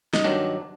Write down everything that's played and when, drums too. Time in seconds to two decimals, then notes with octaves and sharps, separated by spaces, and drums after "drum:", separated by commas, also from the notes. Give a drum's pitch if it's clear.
0.13 D#4, drum: snare
0.24 G2 D#3 F#3 D4